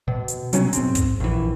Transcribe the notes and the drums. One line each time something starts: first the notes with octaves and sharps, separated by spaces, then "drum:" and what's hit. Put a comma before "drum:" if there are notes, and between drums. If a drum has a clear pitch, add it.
B2
drum: hi-hat
C3 F#3 B3 C#4, drum: hi-hat
G#2 C4, drum: hi-hat
drum: kick, hi-hat
A#1 E3